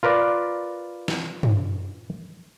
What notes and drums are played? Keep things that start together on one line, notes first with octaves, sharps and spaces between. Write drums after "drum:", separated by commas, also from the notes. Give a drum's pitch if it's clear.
F4 A#4 B4 D5
drum: snare
drum: tom